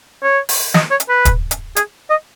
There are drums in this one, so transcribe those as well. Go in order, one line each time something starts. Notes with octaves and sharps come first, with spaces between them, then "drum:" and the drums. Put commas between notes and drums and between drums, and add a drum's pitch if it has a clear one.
C#5
drum: open hi-hat
D#5, drum: snare
C#5
drum: hi-hat
B4
drum: kick, hi-hat
drum: hi-hat
G#4, drum: hi-hat
D#5